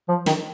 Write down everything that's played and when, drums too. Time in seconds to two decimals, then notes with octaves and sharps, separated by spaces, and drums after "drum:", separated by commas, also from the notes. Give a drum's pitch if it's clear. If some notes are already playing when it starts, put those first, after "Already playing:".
0.09 F3
0.26 D#3, drum: snare